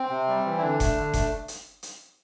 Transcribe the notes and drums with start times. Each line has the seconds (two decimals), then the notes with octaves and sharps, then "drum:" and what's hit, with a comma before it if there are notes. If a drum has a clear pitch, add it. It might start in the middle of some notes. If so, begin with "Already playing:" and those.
Already playing: C4
0.10 C3
0.28 G3
0.46 E3
0.58 E4
0.62 D3 D4
0.80 A3, drum: kick F#1, hi-hat
0.97 D3
1.13 A3, drum: kick F#1, hi-hat
1.48 drum: hi-hat
1.83 drum: hi-hat